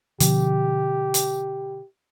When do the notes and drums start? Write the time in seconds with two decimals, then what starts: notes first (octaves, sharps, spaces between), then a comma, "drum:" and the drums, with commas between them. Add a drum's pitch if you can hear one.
0.20 B2 D3 F3 G4, drum: hi-hat
1.14 drum: hi-hat